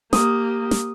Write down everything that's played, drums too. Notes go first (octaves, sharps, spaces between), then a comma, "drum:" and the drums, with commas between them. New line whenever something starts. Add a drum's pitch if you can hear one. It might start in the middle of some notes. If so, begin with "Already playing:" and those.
A#3 G4 D#6, drum: snare
drum: snare